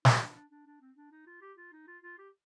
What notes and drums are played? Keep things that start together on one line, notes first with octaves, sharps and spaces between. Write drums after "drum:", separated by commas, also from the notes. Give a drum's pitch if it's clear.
D#4, drum: snare
D4
D4
D4
D4
C4
D4
D#4
F4
G4
F4
D#4
F4
F4
G4